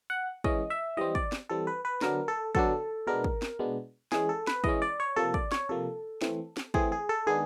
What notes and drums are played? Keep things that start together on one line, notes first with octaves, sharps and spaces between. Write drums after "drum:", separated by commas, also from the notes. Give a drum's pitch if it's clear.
F#5
E3 G#3 C#4 D#5, drum: kick
E5
E3 G3 C4 D#5
D5, drum: kick
drum: snare
E3 G3 C4 A4
B4
B4
D3 F#3 B3 D4 A#4, drum: snare
A4
D3 F#3 B3 D4 A4, drum: kick
B2 G#3 B3 D4 A#4
drum: kick
drum: snare
B2 G#3 B3 D4
E3 G#3 C#4 G#4, drum: snare
A4
B4, drum: snare
E3 G#3 C#4 D#5, drum: kick
D5
C#5
C3 F3 A#3 A4
D5, drum: kick
C#5, drum: snare
C3 F3 A#3 A4
E3 A3 C4, drum: snare
drum: snare
E3 A3 C4 G#4, drum: kick
G#4
A4
D#3 G#3 B3 D4 G#4